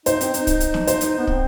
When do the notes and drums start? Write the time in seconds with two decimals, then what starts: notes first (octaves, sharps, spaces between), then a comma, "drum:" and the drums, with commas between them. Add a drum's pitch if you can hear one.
0.06 D#4 C5, drum: hi-hat
0.21 C4, drum: hi-hat
0.34 D#4, drum: hi-hat
0.47 drum: kick, hi-hat
0.60 drum: hi-hat
0.74 drum: snare
0.87 C5, drum: hi-hat
1.01 drum: hi-hat
1.18 B3
1.27 C4, drum: kick